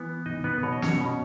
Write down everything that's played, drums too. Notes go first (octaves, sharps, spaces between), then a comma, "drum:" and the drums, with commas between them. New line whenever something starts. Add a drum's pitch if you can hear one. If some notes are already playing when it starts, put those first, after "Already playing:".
Already playing: E3 B3
D#4 D#5
B3 B4
B2 C#5
D#5
C#4 C#5, drum: snare
B2